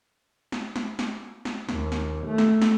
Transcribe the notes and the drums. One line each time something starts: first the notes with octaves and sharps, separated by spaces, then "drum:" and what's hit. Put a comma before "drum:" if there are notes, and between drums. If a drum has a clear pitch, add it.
drum: snare
drum: snare
drum: snare
drum: snare
D#2, drum: snare
drum: snare
A3
drum: snare
drum: snare